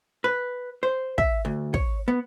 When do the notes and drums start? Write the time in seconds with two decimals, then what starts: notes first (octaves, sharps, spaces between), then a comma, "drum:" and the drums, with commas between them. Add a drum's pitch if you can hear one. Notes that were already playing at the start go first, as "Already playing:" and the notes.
0.24 B4
0.83 C5
1.18 E5, drum: kick
1.45 D2
1.74 C#5, drum: kick
2.08 B3